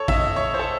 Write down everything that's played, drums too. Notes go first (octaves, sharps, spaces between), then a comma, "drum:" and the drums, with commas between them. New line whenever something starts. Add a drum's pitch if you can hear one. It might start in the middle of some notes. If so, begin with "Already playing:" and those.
Already playing: A4 C#5
E5, drum: kick
D#5
C#5
C5
A4